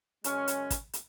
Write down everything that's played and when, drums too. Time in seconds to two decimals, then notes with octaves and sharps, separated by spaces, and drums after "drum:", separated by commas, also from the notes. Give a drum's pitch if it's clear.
0.24 F#2 C#3 G#3 C#4, drum: hi-hat
0.48 drum: hi-hat
0.70 drum: kick, hi-hat
0.93 drum: hi-hat